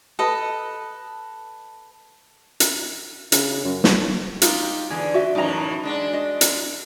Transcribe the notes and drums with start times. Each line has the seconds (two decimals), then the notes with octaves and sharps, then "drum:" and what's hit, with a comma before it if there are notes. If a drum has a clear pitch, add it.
0.19 A4 B4 D#5
2.60 drum: hi-hat
3.32 C#3, drum: hi-hat
3.65 F#2
3.84 F#2, drum: snare
4.42 D#4 F4 G4, drum: hi-hat
4.90 E2 D3 G#4
5.14 F#4 E5
5.35 F#2 A2 E3 D#4 A#5
5.83 G#3 D4 F#4
6.13 D#5
6.41 drum: hi-hat